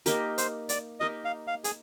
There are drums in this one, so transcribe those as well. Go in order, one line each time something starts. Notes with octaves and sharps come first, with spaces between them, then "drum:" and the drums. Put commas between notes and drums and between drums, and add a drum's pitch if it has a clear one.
A#3 D#4 G4 A#4, drum: hi-hat
C5, drum: hi-hat
D5, drum: hi-hat
A#3 D#4 G4 A#4 D#5
F5
F5
G#4, drum: hi-hat